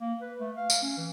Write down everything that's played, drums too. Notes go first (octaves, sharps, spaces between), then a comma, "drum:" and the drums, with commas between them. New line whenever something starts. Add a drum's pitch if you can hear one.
A#3
B4
A3
F5
drum: tambourine
C#4
E3